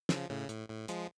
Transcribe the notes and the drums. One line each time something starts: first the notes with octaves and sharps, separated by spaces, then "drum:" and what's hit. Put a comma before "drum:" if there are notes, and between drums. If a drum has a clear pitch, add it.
C#3 F3, drum: snare
A2 C#3
A2, drum: hi-hat
A2
F3 G#3, drum: hi-hat